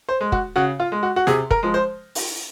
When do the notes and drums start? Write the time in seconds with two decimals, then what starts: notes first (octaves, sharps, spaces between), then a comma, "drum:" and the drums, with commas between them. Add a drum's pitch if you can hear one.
0.09 C5
0.21 G#3
0.32 F#4, drum: kick
0.56 C#3 F#4
0.80 F4
0.92 G#3
1.03 F#4
1.16 F#4
1.27 C3 G#4, drum: snare
1.51 A#4, drum: kick
1.63 F3 G#3
1.74 C5
2.15 drum: open hi-hat